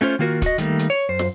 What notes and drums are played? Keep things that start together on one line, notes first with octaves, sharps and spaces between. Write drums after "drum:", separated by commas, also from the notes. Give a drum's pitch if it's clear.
A3 C#4 F4 C5
D#3 A#3 F4 F#4 A#4
F#4 D#5, drum: kick, hi-hat
D#3 G3 A3 A#3, drum: hi-hat
drum: hi-hat
C#5
F#2 C5
drum: snare